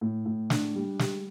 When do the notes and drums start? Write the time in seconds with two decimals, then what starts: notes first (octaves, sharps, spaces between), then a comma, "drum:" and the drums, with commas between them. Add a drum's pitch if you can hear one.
0.01 A2
0.25 A2
0.50 D4, drum: snare
0.75 G3
0.99 G4, drum: snare